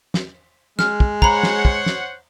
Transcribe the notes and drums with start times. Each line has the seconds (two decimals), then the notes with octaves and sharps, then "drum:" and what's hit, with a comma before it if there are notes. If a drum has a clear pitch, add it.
0.14 drum: snare
0.79 G#3 F6, drum: snare
1.00 drum: kick
1.22 C5 C#5 F#5 A#5 B5, drum: kick
1.43 drum: snare
1.65 drum: kick
1.86 drum: snare